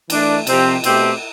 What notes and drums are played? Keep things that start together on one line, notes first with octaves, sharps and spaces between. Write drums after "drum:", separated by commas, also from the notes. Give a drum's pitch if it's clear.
E3 A3 D4, drum: cymbal
C3 F3 C4 G4, drum: cymbal
B2 A3 C4 G4, drum: cymbal